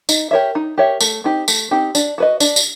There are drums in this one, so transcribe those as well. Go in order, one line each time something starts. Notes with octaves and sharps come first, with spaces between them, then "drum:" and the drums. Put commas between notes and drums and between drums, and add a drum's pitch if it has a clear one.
D#4, drum: tambourine
G4 A#4 C#5 E5
D#4
G4 A#4 C#5 E5
A3, drum: tambourine
C4 D#4 G4
A3, drum: tambourine
C4 D#4 G4
D4, drum: tambourine
F#4 B4 D#5
D4, drum: tambourine
drum: tambourine